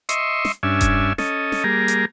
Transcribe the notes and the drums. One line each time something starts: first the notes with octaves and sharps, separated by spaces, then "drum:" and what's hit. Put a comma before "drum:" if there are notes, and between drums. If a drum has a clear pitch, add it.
D#5 E5 C6 C#6, drum: hi-hat
drum: snare
G2 C#4 D4 E5 G#5
drum: kick E1, hi-hat
C#4 A4 D#5, drum: snare
drum: snare
G3 A#3 G#4 A#5
drum: hi-hat